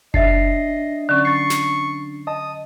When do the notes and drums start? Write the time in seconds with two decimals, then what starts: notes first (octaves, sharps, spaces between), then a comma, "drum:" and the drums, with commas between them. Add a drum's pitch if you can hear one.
0.14 D4 D#5 E5 A6 C7, drum: kick F#1
1.09 D3 F#3 C#4 D5
1.25 C#6 A6 C7
1.50 drum: snare
2.27 D#5 A5 D#6